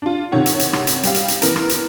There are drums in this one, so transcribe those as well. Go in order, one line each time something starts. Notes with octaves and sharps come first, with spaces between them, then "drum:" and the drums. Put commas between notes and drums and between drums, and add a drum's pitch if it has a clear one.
D4 F4
C3 D#3 C#5 F#5
drum: hi-hat
drum: hi-hat
drum: rim click
drum: hi-hat
G3 G4 F5, drum: hi-hat
drum: hi-hat
drum: hi-hat
E3 B3 A#4, drum: hi-hat
drum: rim click
drum: hi-hat